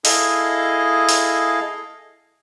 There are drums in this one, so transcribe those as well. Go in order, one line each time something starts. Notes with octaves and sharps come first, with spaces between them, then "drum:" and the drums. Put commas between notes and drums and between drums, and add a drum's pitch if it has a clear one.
E4 G#4 A4 D#5 F5, drum: open hi-hat
drum: open hi-hat